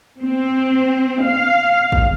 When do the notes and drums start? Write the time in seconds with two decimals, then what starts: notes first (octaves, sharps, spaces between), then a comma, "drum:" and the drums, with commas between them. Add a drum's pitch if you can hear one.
0.21 C4
1.23 F5
1.92 drum: kick